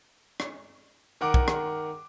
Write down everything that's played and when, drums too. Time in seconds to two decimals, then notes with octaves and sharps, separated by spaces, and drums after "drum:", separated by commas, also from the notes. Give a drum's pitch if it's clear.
0.40 drum: rim click
1.21 D#3 A#4 F#5 D6
1.34 drum: kick
1.48 drum: rim click